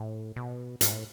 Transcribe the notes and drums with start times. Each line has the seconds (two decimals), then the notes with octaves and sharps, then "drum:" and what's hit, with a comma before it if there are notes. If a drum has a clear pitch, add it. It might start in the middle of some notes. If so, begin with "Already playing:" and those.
Already playing: A2
0.36 B2
0.81 G#2, drum: hi-hat
0.92 A2